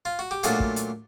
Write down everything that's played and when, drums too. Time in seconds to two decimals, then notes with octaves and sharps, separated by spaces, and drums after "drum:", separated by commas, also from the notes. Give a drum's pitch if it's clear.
0.05 F4
0.19 F#4
0.31 G4
0.43 A#2 F#3 A3 D4 F4 F#4 G#4, drum: hi-hat
0.60 drum: kick
0.76 drum: hi-hat